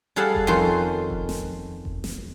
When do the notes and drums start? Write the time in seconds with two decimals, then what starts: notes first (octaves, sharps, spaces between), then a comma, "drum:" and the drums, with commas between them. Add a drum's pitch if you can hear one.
0.16 G3 G#4 A4 F5 F#5 A5
0.35 drum: kick F1
0.47 F2 D#3 C#4 A4 C5 C6
1.10 drum: kick F1
1.29 drum: snare
1.85 drum: kick F1
2.04 drum: snare